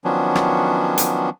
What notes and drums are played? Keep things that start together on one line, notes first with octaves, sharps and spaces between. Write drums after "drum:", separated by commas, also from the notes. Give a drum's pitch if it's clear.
D#3 F3 F#3 B3 C#4 D4
drum: rim click
drum: hi-hat